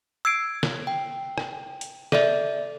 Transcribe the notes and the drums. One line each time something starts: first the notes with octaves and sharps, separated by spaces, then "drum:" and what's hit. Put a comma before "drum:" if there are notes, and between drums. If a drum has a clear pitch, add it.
E6 G#6 C7 D7
drum: snare
G5
drum: rim click
drum: hi-hat
A4 D5 E5, drum: snare